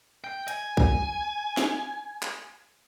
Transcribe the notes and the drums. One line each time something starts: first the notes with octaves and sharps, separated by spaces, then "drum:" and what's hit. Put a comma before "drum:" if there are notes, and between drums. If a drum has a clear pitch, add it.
G5
G#5, drum: hi-hat
drum: kick
drum: snare
drum: clap